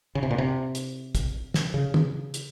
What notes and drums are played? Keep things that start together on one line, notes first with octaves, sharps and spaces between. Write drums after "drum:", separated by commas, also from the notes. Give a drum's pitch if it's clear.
C#3
C3
A#2
C3
drum: hi-hat
drum: kick, hi-hat
drum: snare
C#3
drum: tom
drum: hi-hat